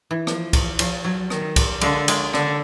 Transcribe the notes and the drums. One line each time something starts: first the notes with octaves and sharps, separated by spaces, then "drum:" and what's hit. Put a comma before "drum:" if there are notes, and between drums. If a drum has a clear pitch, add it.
E3
F3, drum: rim click
drum: kick C2, cymbal
F3, drum: cymbal
F#3
D#3, drum: rim click
drum: kick C2, cymbal
D3 G#3 A#3, drum: cymbal
G#3 A#3, drum: cymbal
D3, drum: rim click